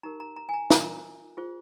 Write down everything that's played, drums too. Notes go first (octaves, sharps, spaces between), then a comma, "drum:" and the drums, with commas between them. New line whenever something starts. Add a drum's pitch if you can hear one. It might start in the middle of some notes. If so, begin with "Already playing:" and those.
D#4 G4 A#4 A#5
A#5
A#5
G#5
A#5
F4 A#4 A#5, drum: snare
F4 G#4 C5